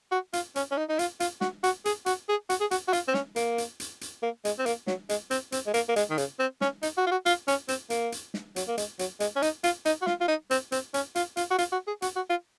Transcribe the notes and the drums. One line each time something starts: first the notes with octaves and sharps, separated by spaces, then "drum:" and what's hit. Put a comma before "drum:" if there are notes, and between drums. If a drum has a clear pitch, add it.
F#4
F4, drum: hi-hat
C#4, drum: hi-hat
C#4
D#4
D#4
F4, drum: hi-hat
F4, drum: hi-hat
F#4, drum: snare
F#4, drum: hi-hat
G#4, drum: hi-hat
F#4, drum: hi-hat
G#4
F#4, drum: hi-hat
G#4
F#4, drum: hi-hat
F#4
F4, drum: hi-hat
C4
C#4, drum: snare
A#3, drum: hi-hat
drum: hi-hat
drum: hi-hat
drum: hi-hat
A#3
G#3, drum: hi-hat
C4
A#3, drum: hi-hat
F#3, drum: snare
G#3, drum: hi-hat
C4, drum: hi-hat
C4, drum: hi-hat
G#3
A#3, drum: hi-hat
A#3
G#3, drum: hi-hat
D#3
C#3, drum: hi-hat
C4
C#4, drum: snare
D#4, drum: hi-hat
F#4
F4
F#4
F4, drum: hi-hat
C#4, drum: hi-hat
C4, drum: hi-hat
A#3, drum: hi-hat
drum: hi-hat
drum: snare
F#3, drum: hi-hat
A#3
G#3, drum: hi-hat
F#3, drum: hi-hat
G#3, drum: hi-hat
C#4
D#4, drum: hi-hat
F4, drum: hi-hat
D#4, drum: hi-hat
F#4
F4, drum: snare
F4
D#4
C4, drum: hi-hat
C4, drum: hi-hat
C#4, drum: hi-hat
F4, drum: hi-hat
F4, drum: hi-hat
F#4
F4, drum: hi-hat
F#4
G#4
F#4, drum: hi-hat
F#4
F4